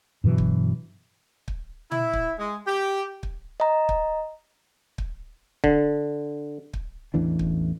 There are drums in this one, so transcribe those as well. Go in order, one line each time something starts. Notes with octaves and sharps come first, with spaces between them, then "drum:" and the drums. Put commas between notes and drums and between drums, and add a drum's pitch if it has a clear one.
G2 B2 E3 F#3
drum: kick
drum: kick
E4, drum: tom
drum: kick
G#3
G4
drum: kick
D#5 A#5
drum: kick
drum: kick
D3, drum: kick
drum: kick
A1 E2 E3 D4
drum: kick